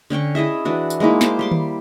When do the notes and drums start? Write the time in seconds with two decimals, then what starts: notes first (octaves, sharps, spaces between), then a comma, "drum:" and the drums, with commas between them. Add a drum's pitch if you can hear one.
0.10 D3 C#4 G5 C#6
0.35 E4 G#4 D#5 E5
0.65 E3 D4 F#4
0.90 drum: tambourine
1.00 G#3 A#3 D#4 E4
1.21 C5 D6, drum: snare
1.39 G3 C6 D6
1.52 drum: tom D#3